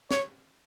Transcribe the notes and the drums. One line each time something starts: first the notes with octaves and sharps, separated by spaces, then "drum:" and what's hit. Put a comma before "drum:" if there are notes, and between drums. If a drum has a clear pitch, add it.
C#5, drum: snare